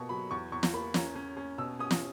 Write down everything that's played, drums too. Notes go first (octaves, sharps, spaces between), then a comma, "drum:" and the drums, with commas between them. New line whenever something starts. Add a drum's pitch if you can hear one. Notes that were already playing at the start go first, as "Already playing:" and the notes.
Already playing: B2 A#3 C#6
F#3 B5
E2 C#6
E2 C#6
drum: snare
A#3 B5
C#4 A#5, drum: snare
C#4
C#4
B2 E6
C#4 D#6
drum: snare